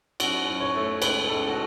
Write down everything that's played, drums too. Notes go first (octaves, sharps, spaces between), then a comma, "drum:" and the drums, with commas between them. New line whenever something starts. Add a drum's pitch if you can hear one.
F#2 F#4, drum: cymbal
F#2
C#5
A3
C#2 B4, drum: cymbal
C#2 A4
F#4